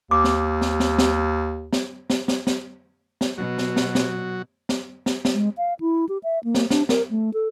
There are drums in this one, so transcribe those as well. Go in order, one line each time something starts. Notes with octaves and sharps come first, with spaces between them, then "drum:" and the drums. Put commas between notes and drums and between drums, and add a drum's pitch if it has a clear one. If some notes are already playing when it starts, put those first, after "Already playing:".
D#2 D6
drum: snare
drum: snare
drum: snare
drum: snare
drum: snare
drum: snare
drum: snare
drum: snare
drum: snare
B2 F#3 F#4
drum: snare
drum: snare
drum: snare
drum: snare
drum: snare
drum: snare
G#3
F5
E4
G4
E5
A#3
drum: snare
D4, drum: snare
A#4, drum: snare
A3
A4